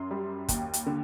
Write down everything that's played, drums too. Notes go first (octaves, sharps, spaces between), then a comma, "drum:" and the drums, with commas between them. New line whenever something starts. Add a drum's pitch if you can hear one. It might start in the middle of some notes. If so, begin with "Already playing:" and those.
Already playing: F#2 C6
G3
D#2, drum: kick, hi-hat
drum: hi-hat
D3